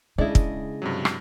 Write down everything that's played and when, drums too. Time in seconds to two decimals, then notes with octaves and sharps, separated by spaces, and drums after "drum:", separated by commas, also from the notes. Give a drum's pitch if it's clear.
0.18 C#3 G#3 D4 E4 D#5
0.35 drum: kick
0.82 G2 C3 F#3
1.05 drum: rim click